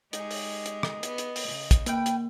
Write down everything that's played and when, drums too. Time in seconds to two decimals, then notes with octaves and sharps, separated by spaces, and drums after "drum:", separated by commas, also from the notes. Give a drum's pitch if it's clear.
0.13 G#3 D#4 G4 G#4 D#5, drum: hi-hat
0.31 drum: open hi-hat
0.66 drum: hi-hat
0.83 drum: rim click
1.03 B3, drum: hi-hat
1.18 drum: hi-hat
1.36 drum: open hi-hat
1.49 C#3
1.71 drum: kick, hi-hat
1.86 A#3 B4 G5, drum: hi-hat
2.06 drum: hi-hat